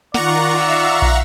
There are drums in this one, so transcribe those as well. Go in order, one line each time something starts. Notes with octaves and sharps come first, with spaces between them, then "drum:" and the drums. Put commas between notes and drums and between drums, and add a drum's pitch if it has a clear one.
D#3 F4 D5 F#5 A#5 C#6, drum: snare
E5 F5 E6
drum: kick